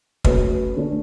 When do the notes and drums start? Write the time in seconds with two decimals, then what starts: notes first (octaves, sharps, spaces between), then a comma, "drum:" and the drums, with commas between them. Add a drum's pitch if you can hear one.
0.24 A3 C#4 F#4 B4, drum: kick
0.76 D3 A3 D4